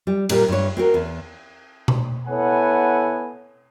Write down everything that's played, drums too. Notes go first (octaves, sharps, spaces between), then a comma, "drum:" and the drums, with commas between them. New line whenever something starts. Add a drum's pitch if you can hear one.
G3
A#2 G3 G4 A#4, drum: cymbal
G2 C#5
C4 F#4 A#4
E2
drum: tom B2
B3 E4 A4 C#5 F#5 G#5